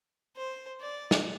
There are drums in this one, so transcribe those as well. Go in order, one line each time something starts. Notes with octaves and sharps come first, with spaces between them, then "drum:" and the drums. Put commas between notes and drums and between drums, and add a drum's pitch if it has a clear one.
C5
D5
drum: snare